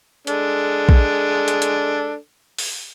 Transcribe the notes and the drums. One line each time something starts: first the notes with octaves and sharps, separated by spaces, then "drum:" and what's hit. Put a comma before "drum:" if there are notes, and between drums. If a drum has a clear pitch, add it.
G#3 D4 A4, drum: hi-hat
drum: kick
drum: hi-hat
drum: hi-hat
drum: open hi-hat